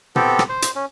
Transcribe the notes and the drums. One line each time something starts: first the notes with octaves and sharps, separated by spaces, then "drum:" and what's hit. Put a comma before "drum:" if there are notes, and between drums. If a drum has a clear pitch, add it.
B3 C4 G4 A4, drum: tom A#2
drum: rim click
C5
drum: hi-hat
C#4